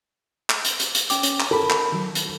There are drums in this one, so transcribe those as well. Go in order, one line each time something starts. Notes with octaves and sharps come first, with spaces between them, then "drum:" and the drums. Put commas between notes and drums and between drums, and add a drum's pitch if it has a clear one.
drum: clap
drum: hi-hat
drum: hi-hat
drum: hi-hat
C#4 G5 D6, drum: hi-hat
C#4, drum: hi-hat
drum: clap
A4 A#4 B5
drum: clap
D#3 F#3
drum: hi-hat